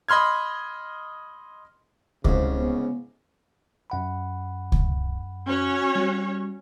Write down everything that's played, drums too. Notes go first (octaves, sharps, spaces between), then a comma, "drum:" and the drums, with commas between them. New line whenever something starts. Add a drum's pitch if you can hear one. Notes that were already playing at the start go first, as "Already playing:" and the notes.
D#5 B5 C6 F6 G#6
C2 G#2 C#3, drum: kick C#2
B3
F#2 F#5 B5
drum: kick C#2
C#4 F#4 C#5
G3